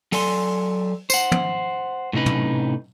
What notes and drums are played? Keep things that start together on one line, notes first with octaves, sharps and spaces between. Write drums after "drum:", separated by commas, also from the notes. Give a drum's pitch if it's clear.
F#3 A4 D5 G#5 C6, drum: open hi-hat
C5 F#5, drum: tambourine
drum: tom
A2 C3 C#4 D#4 B4
drum: tom